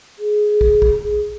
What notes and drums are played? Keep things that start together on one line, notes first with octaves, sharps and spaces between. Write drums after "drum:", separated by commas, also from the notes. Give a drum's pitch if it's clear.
G#4
drum: kick
drum: kick
G#4